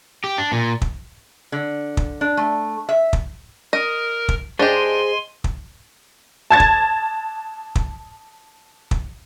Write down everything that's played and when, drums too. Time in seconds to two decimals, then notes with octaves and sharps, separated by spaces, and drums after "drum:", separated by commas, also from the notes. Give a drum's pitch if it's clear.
0.24 G4
0.38 D4
0.52 A#2
0.82 drum: kick
1.52 D3
1.97 drum: kick
2.21 D4
2.37 A3
2.89 E5
3.13 drum: kick
3.73 A#4 D#5
4.29 drum: kick
4.59 D4 G4 G#4 C5 D#5 G#5 C6
5.44 drum: kick
6.50 A5 G#6 A6
6.60 drum: kick
7.75 drum: kick
8.91 drum: kick